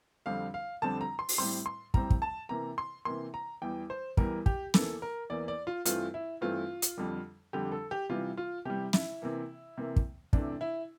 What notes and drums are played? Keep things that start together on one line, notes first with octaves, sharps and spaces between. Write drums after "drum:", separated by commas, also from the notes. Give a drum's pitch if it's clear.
F2 D3 G3 C4 F5
F5
F2 D3 G3 C4 A5
A#5
C6
drum: open hi-hat
A2 G3 C4 C6
C6
A2 G3 C4 A#5, drum: kick
drum: kick
A5
C3 E3 A#3 A#5
C6
C3 E3 A#3 C6
A#5
E2 E3 G3 G5
C5
E2 E3 G3 A#4, drum: kick
G4, drum: kick
E2 E3 A#3 A4, drum: snare
A#4
E2 E3 A#3 D5
D5
F4
G2 E3 A3 C4 F4, drum: hi-hat
E4
G2 E3 A3 C4 F4
drum: hi-hat
F2 D3 G3
F2 D3 G3 G4
A4
G4
C3 E3 G3 F4
F4
C3 E3 G3 G4
E4, drum: snare
C3 E3 A#3
C3 E3 A#3
drum: kick
C3 E3 A3 D4, drum: kick
E4